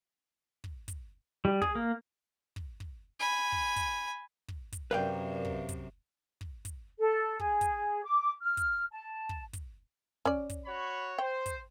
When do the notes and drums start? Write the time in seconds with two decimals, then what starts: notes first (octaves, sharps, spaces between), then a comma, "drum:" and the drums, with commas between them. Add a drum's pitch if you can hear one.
0.64 drum: kick
0.88 drum: kick, hi-hat
1.45 G3
1.62 G#4, drum: kick
1.75 A#3
2.56 drum: kick
2.80 drum: kick
3.20 G#5 B5
3.52 drum: kick
3.76 drum: kick, hi-hat
4.48 drum: kick
4.72 drum: kick, hi-hat
4.91 F#2 C3 A#4 B4 D5 F5 G5
5.45 drum: kick
5.69 drum: kick, hi-hat
6.41 drum: kick
6.65 drum: kick, hi-hat
6.99 A4
7.39 G#4, drum: kick
7.61 drum: kick, hi-hat
8.04 D6
8.41 F6
8.57 drum: kick, hi-hat
8.91 A5
9.29 drum: kick
9.53 drum: kick, hi-hat
10.25 C#4 D5, drum: kick
10.49 drum: kick, hi-hat
10.65 F#4 C#5 B5
11.18 C5 G5
11.46 drum: kick, hi-hat